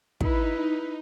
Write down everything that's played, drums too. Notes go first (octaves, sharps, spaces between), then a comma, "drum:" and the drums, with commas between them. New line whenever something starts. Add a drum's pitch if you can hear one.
D#4 E4 B4, drum: kick